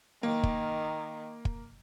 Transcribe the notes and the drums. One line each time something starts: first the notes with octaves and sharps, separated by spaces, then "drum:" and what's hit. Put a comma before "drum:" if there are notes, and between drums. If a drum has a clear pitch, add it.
D#3 A#3
drum: kick
drum: kick